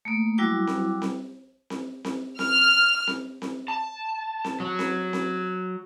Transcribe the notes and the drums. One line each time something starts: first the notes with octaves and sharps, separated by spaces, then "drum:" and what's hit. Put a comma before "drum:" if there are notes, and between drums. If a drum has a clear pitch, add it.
A3 A#3
F#3 G3 E4 F#4 G5 D6
drum: snare C4
drum: snare C4
drum: snare C4
drum: snare C4
F6, drum: snare C4
drum: snare C4
drum: snare C4
A5
drum: snare C4
F#3
drum: snare C4
drum: snare C4